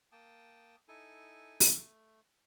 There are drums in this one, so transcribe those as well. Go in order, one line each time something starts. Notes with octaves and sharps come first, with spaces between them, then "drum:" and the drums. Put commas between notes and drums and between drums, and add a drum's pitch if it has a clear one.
A#3 G5 A5 D#6
D#4 E4 A4 G#5
A3, drum: open hi-hat